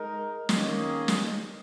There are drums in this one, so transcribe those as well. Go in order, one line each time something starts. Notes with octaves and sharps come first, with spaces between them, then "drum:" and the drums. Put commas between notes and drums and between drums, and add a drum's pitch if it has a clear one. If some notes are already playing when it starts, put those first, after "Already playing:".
Already playing: G#3 D#4 A#4
D#3 A#3 C#4 G#4 D#5, drum: snare
drum: snare